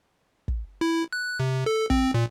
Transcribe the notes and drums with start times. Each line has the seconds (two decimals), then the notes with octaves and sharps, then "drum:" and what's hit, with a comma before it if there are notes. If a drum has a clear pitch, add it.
0.48 drum: kick
0.81 E4
1.13 F#6
1.40 C3
1.66 A4
1.90 C4, drum: kick
2.14 A#2